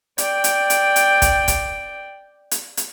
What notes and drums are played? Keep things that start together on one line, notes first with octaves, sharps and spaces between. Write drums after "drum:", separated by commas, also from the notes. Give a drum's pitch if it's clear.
D5 G5, drum: hi-hat
drum: hi-hat
drum: hi-hat
drum: hi-hat
drum: kick, hi-hat
drum: kick, hi-hat
drum: hi-hat
drum: hi-hat